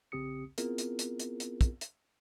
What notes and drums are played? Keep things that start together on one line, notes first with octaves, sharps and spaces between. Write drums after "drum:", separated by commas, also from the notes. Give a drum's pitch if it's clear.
A#1 C#3 C4 G4 D#6 C#7
B3 C4 E4 F4 G#4 A#4, drum: hi-hat
drum: hi-hat
drum: hi-hat
drum: hi-hat
drum: hi-hat
drum: kick, hi-hat
drum: hi-hat